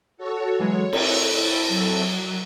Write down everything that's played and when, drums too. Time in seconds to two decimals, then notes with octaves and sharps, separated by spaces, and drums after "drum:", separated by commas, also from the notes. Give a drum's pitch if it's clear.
0.17 F#4 A4 C#5
0.59 E3 F#3 G#3 C#5
0.93 C4 E4 A4, drum: cymbal
1.68 F#3